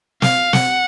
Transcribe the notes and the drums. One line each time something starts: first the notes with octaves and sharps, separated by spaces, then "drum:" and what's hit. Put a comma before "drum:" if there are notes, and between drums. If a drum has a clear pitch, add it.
F5, drum: snare
F#5, drum: snare